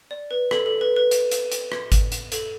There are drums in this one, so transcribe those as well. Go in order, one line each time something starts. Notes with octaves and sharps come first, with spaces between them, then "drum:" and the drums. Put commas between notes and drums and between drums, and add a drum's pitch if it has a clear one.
D5
B4
A4, drum: rim click
A4
B4
B4
drum: hi-hat
drum: hi-hat
drum: hi-hat
drum: rim click
drum: kick G#1, hi-hat
drum: hi-hat
A4, drum: hi-hat